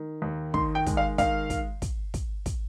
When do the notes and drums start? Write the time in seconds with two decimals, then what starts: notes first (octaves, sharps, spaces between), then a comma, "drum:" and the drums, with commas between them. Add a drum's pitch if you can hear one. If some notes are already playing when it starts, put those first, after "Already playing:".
Already playing: D#3
0.22 D#2
0.54 D#3 C6, drum: kick
0.75 G5
0.87 G#3, drum: kick, hi-hat
0.97 F5
1.18 D#3 F5, drum: kick, hi-hat
1.50 drum: kick, hi-hat
1.82 drum: kick, hi-hat
2.14 drum: kick, hi-hat
2.46 drum: kick, hi-hat